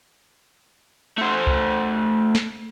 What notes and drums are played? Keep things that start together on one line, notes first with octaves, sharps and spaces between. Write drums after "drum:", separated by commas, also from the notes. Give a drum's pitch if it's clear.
A3 C5
drum: kick C2
drum: snare